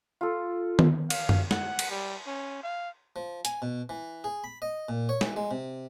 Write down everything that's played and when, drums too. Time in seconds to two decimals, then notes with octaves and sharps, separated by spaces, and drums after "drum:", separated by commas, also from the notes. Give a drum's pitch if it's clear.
0.21 F4 A4
0.79 drum: tom D#3
1.10 F5, drum: cymbal
1.29 drum: tom F#2
1.51 F#5, drum: snare
1.79 drum: cymbal
1.91 G3
2.27 C#4
2.63 F5
3.16 F3
3.45 G#5, drum: hi-hat
3.62 B2
3.89 E3
4.24 G#4
4.44 B5
4.62 D#5
4.89 A#2
5.09 C#5
5.21 E3, drum: snare
5.36 G#3
5.51 C3